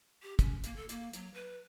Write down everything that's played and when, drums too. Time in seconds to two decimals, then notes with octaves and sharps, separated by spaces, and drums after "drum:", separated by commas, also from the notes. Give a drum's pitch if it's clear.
0.22 G4
0.39 C#4, drum: kick, hi-hat
0.64 A#3, drum: hi-hat
0.76 A4
0.89 A#3, drum: hi-hat
1.13 F#3, drum: hi-hat
1.34 B4